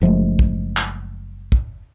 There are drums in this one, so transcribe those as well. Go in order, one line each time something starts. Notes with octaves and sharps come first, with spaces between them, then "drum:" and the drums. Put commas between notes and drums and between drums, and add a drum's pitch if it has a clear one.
F#1 F3 G#3 A3
drum: kick
drum: clap
drum: kick